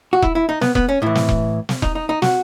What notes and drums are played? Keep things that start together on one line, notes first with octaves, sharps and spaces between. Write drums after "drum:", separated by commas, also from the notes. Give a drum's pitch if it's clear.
F#4
E4, drum: kick E1
E4
D#4
B3, drum: snare
B3, drum: kick E1
C#4
A2 E3 E4
drum: snare
drum: kick E1
drum: snare
D#4, drum: kick E1
D#4
D#4
F#4, drum: snare